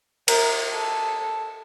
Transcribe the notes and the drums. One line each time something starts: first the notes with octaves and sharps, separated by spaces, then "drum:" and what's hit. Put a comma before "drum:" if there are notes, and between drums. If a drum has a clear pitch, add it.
A#4, drum: cymbal
A4